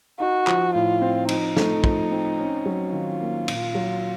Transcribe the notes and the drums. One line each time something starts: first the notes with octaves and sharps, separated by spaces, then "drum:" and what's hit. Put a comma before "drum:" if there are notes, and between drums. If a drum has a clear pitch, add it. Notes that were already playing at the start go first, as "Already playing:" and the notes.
D#4 F#4
F3, drum: clap
A2 F4
C4
F3 D#4, drum: cymbal
A3, drum: snare
F3, drum: kick
C4
C#4
F#3
D#3 F4
A#3
A#2, drum: cymbal
F#3